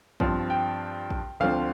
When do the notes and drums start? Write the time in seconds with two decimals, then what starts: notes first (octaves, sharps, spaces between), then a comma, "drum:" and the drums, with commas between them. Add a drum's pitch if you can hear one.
0.20 G2 F3 C4, drum: kick A#1
0.50 G5
1.10 drum: kick A#1
1.40 D2 D3 F3 C4 F5